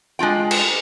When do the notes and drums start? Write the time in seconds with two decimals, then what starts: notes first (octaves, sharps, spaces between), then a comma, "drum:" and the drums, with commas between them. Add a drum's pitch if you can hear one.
0.19 G#3 D4 F4 G5
0.51 drum: cymbal